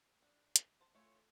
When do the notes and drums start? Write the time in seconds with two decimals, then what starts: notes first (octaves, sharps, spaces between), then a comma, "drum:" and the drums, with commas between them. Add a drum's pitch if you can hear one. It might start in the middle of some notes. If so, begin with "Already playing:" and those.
0.22 D4
0.56 drum: hi-hat
0.81 C5 A5
0.95 E3 A3 F4 C#5